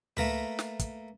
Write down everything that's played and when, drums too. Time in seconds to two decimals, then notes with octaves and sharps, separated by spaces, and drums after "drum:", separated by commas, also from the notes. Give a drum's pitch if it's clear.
0.17 A3 A#3 A#4 B4, drum: tom C#2
0.59 drum: snare
0.79 drum: kick, hi-hat